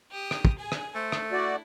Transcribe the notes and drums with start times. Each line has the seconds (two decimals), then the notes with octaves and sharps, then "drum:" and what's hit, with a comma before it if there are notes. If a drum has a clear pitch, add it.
0.11 G4 D#6
0.31 drum: rim click
0.45 drum: kick
0.58 G#4 G#5
0.72 drum: rim click
0.95 A3 C5
1.12 drum: rim click
1.32 D4 E4 F#4 D5